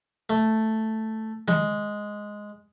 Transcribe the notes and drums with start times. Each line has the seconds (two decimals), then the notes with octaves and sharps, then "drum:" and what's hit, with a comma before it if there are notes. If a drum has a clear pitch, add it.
0.30 A3
1.48 G#3, drum: tom D#3